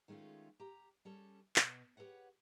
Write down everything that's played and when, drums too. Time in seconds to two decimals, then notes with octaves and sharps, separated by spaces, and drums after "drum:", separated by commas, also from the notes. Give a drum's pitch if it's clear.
0.08 D#3 G#3 A3 C#4 F4
0.60 G4 A#5
1.05 G3 C#4 A4
1.56 B2, drum: clap
1.97 G4 A4 B4 C#5 F#5